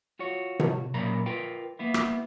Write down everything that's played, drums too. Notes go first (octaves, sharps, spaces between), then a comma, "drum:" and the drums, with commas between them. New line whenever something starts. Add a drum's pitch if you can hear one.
F4 F#4 C#5
drum: tom C3
A#2 C#3 F#3 A#4 A#5 B5
F4 A#4 B4 G5
A#3 B3 E4
drum: rim click